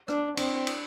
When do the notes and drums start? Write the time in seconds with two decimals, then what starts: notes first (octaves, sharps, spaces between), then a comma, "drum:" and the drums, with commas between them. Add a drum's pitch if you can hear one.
0.08 D4, drum: rim click
0.37 C4 D4, drum: cymbal
0.67 drum: cymbal